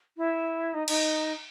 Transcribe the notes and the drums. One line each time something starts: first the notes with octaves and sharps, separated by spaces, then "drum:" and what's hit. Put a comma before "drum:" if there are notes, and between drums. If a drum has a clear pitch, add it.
E4
D#4
D#4, drum: cymbal